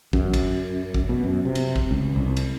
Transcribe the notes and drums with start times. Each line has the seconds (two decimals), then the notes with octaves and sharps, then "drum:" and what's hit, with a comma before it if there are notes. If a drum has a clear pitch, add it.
0.13 F#2, drum: kick
0.34 drum: kick, cymbal
0.94 drum: kick
1.09 B2
1.24 F#2
1.45 C3
1.55 drum: cymbal
1.76 drum: kick
1.91 C#2
2.16 C2
2.37 drum: cymbal